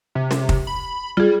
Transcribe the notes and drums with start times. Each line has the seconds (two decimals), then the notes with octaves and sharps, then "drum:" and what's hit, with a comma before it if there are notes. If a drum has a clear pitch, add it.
0.15 C3
0.31 drum: snare
0.49 drum: kick
0.67 B5
1.17 G3 F4 G#4